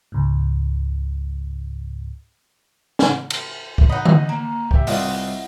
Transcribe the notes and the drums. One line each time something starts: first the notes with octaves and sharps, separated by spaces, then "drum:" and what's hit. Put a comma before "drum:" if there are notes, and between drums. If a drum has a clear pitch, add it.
C#2 G#2
drum: snare
drum: cymbal
drum: kick
D#4 D#5 F#5 B5
drum: tom D3
A#3
G4 E5, drum: kick
C2 E4 F4 D5 D#5 F#5, drum: open hi-hat